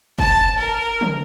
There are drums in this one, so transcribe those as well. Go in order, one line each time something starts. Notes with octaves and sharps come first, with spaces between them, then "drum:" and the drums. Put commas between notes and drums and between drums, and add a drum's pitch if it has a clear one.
A5, drum: kick
A#4
drum: tom